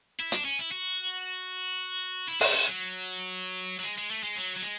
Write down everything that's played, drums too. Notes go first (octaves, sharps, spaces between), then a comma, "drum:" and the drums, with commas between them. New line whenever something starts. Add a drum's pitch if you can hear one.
E4
D4, drum: hi-hat
C#4
E4
F#4
E4
D4, drum: open hi-hat
C#4
F#3
F#3
G#3
G#3
A3
G#3
F#3
F#3
G#3